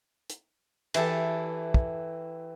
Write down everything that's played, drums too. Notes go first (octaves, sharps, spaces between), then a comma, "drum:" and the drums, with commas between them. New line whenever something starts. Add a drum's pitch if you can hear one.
drum: hi-hat
E3 E4 G4 A4, drum: cymbal
drum: kick